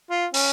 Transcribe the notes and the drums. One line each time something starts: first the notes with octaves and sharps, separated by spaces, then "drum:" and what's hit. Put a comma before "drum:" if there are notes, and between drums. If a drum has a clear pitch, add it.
F4
C#4, drum: open hi-hat